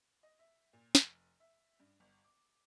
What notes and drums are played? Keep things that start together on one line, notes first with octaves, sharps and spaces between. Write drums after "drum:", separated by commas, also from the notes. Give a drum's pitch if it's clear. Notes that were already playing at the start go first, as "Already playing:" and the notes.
D#5
E5
A#2
F1, drum: snare
E5
G2
G1
D6